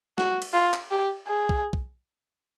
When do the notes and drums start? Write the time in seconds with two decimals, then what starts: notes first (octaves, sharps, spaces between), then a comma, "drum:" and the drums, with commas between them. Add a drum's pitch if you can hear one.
0.18 F#4, drum: snare
0.42 drum: cymbal
0.54 F4
0.73 drum: clap
0.91 G4
1.28 G#4
1.49 drum: kick
1.73 drum: kick